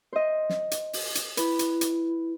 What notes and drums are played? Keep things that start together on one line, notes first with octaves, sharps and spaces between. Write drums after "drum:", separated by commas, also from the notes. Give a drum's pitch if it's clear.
C5 D#5
drum: snare
drum: hi-hat
drum: open hi-hat
drum: hi-hat
E4 B4, drum: hi-hat
drum: hi-hat
drum: hi-hat